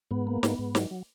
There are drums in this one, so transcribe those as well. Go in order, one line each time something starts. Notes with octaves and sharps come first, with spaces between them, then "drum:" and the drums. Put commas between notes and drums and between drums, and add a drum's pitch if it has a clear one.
G#2 B3
A#3
G#2, drum: snare
G#2
F#3, drum: snare
F#3